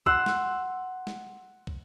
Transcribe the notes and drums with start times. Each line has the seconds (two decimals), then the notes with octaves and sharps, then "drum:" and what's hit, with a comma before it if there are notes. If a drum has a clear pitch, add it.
0.06 F#5 C6 E6, drum: kick
0.26 drum: snare
1.07 drum: snare
1.67 drum: kick